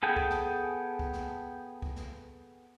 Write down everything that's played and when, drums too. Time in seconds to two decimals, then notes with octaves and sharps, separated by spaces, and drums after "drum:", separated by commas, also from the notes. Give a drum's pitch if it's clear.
0.03 B3 G#4 A4 G5
0.16 drum: kick
0.30 drum: snare
0.99 drum: kick
1.13 drum: snare
1.82 drum: kick
1.96 drum: snare